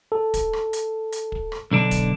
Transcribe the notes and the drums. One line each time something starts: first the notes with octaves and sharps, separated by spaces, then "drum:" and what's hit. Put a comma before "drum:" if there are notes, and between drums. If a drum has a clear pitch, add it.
A4
drum: kick, hi-hat
drum: rim click
drum: hi-hat
drum: hi-hat
drum: kick
drum: rim click
B1 D3 D4
drum: kick, hi-hat